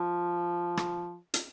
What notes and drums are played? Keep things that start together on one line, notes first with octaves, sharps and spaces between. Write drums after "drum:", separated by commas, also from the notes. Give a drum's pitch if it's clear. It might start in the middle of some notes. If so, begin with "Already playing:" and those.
Already playing: F3
drum: rim click
drum: hi-hat